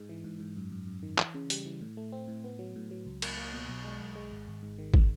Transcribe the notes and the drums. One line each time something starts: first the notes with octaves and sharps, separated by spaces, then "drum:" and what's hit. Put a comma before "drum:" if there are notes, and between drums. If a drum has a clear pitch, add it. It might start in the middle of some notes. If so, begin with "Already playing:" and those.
Already playing: G#2 G#3
E3
G#2
G#2
F#2
F#2
F#2
D#3
E3, drum: clap
C#3
G3, drum: hi-hat
E3
A2
A3
C4
A2
B3
F#3
A2
F#3
C#2
A#3, drum: cymbal
A#3
B2
B1
G#3
B1
G#3
G#1
G#1
G#2
D#3
drum: kick